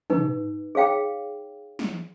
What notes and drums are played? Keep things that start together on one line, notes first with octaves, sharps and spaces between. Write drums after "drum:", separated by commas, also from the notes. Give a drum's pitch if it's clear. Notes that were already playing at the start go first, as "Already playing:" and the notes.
D#4 B4, drum: tom
G#4 C#5 F5 G5
drum: snare